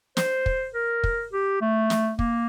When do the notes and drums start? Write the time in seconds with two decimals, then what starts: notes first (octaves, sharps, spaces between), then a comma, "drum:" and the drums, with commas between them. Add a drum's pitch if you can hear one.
0.17 C5, drum: snare
0.46 drum: kick
0.74 A#4
1.04 drum: kick
1.33 G4
1.61 A3
1.90 drum: snare
2.19 A#3, drum: kick